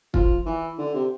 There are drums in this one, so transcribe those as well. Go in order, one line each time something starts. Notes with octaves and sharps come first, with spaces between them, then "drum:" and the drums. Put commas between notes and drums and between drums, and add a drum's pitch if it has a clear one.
F3, drum: kick
E3
D3
C3